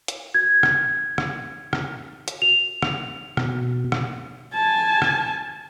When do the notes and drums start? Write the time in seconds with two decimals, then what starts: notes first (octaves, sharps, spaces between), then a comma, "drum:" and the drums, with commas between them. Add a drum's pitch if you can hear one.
0.08 drum: hi-hat
0.34 G#6
0.63 drum: rim click
1.18 drum: rim click
1.73 drum: rim click
2.28 drum: hi-hat
2.42 F7
2.82 drum: rim click
3.37 B2, drum: rim click
3.92 drum: rim click
4.53 G#5 A5
5.02 drum: rim click